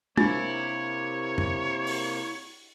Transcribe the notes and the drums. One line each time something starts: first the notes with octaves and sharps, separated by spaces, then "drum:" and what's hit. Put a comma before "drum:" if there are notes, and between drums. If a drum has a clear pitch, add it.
C3 A#3 D4 E4 C#5 B5, drum: tom G#3
drum: tom F2
drum: open hi-hat